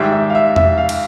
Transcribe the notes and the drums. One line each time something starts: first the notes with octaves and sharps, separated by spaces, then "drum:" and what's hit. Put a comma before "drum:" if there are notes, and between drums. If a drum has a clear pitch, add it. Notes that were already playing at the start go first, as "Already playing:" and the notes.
Already playing: G#2 D#3 G3 E5
E5
F5
E5
E5, drum: tom E2
F5
drum: cymbal